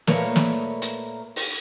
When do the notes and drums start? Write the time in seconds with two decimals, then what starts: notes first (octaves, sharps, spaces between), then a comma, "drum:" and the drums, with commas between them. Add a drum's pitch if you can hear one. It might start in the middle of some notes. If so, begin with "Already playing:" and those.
0.07 A#2 A3 A#3 A#4 B4 C#5, drum: snare
0.36 drum: snare
0.82 drum: hi-hat
1.36 drum: open hi-hat